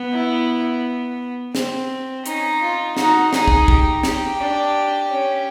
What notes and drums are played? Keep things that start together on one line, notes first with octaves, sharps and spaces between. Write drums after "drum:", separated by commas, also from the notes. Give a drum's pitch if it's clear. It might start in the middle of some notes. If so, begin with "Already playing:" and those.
Already playing: B3
E4
C4, drum: snare
C#4 D#4, drum: hi-hat
F4
D#4 F#4, drum: snare
D#4 G#4, drum: snare
drum: kick
G4, drum: kick
G4, drum: snare
D4
C#4